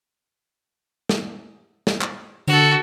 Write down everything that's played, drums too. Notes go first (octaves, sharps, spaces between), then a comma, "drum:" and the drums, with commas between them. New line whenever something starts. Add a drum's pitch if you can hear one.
drum: snare
drum: snare
drum: clap
D3 F#4 A4, drum: tambourine